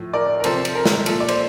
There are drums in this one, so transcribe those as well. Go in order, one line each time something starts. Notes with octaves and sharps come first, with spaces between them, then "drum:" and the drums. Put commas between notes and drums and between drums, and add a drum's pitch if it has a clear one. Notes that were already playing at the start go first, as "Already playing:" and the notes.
Already playing: A2 F3
A#4 D5
A#4
C3 F3 A4 C5, drum: cymbal
drum: cymbal
A#4
drum: snare
A#2 F3 A4, drum: cymbal
D5
C5, drum: cymbal